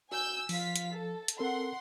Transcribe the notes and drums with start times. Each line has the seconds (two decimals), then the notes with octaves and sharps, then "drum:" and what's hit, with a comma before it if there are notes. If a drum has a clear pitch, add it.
0.12 F#4 G#5 E6 G6
0.49 F3 F4 F5 B6, drum: open hi-hat
0.76 drum: hi-hat
0.94 A4
1.28 drum: hi-hat
1.39 C4 A4 A#4 F#5 C6